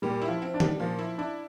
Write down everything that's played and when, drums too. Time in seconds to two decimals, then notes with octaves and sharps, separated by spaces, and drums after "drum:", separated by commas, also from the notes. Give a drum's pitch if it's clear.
0.02 A#2 G3 G4
0.22 E4
0.28 F3 F4
0.42 C4
0.54 D4
0.60 G3, drum: tom D3
0.80 A#2 F3 F4
0.99 E4
1.18 D4 E4